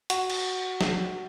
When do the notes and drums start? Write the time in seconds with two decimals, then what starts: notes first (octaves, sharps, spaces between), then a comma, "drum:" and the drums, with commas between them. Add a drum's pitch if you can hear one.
0.10 F#4, drum: hi-hat
0.30 drum: cymbal
0.81 drum: snare